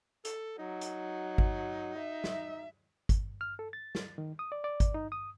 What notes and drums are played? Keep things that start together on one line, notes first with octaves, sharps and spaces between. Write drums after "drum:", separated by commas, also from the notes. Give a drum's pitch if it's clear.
A4, drum: hi-hat
F#3 D#4
drum: hi-hat
drum: kick
E5
drum: snare
drum: kick, hi-hat
F6
A4
A6
drum: snare
D#3
D#6
D5
D5
drum: kick, hi-hat
D#4
D#6